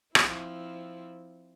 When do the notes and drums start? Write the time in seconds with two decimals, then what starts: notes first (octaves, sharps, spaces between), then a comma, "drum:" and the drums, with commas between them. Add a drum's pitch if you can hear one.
0.15 F3 C4 E4, drum: rim click